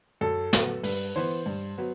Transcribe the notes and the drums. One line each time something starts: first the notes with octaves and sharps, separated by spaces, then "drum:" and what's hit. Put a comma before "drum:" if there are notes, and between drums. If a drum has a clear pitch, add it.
F#2 A4
F#3 B3, drum: snare
G2 B4, drum: open hi-hat
E3 B3 C5
G2
F#3 B3